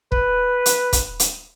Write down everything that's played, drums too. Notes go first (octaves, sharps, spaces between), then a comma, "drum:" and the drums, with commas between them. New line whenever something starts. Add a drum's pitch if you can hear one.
B4, drum: kick
drum: hi-hat
drum: kick, hi-hat
drum: hi-hat